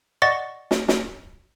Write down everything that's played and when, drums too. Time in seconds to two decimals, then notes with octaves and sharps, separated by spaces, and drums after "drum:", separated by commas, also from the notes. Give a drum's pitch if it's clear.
0.22 D5 D#5 F#5 C#6 A6 A#6
0.71 drum: snare
0.88 drum: snare